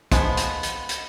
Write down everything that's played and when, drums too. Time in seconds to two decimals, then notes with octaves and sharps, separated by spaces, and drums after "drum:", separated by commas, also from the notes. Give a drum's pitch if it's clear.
0.12 F3 G#3 B3, drum: kick, hi-hat
0.37 drum: hi-hat
0.63 drum: hi-hat
0.89 drum: hi-hat